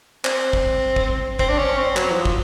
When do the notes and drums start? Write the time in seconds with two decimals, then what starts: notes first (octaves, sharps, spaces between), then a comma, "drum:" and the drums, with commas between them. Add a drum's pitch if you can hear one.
0.25 C4, drum: clap
0.53 drum: kick
0.96 drum: kick
1.39 C4, drum: kick
1.49 D4
1.59 C#4
1.78 C4
1.96 F#3, drum: clap
2.10 E3
2.16 F3
2.25 drum: kick